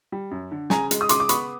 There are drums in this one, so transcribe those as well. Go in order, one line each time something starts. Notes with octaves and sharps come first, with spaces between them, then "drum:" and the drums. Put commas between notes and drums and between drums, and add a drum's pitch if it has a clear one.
G3
F#2
D3
C#3 G#5 A#5, drum: snare
G#3, drum: hi-hat
D#6
C#3 C6 D6, drum: hi-hat
D6
B3 B5 C#6, drum: hi-hat